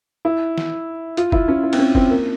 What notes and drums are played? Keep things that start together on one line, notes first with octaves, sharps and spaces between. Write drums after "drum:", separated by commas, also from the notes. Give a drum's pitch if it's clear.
E4
drum: snare
F4, drum: hi-hat
E4, drum: kick
C#4
E4
C4, drum: cymbal
C#4
C4, drum: kick
A#3